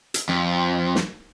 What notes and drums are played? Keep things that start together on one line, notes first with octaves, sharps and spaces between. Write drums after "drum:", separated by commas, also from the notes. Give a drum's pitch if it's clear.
drum: hi-hat
F2
drum: snare